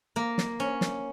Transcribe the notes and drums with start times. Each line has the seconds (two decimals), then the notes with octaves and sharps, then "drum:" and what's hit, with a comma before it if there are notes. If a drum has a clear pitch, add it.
0.16 A#3
0.38 drum: snare
0.60 C#4
0.81 drum: snare